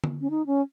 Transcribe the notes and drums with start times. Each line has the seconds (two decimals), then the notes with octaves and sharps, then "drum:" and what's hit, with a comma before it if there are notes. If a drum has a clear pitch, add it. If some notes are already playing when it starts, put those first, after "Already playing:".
0.04 drum: tom D3
0.21 C#4
0.30 D#4
0.47 C#4